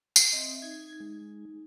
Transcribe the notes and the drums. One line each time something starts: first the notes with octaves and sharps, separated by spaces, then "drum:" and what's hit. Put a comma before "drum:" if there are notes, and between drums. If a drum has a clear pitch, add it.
drum: tambourine
C4 D#5 E5
D#4 G#6
G#3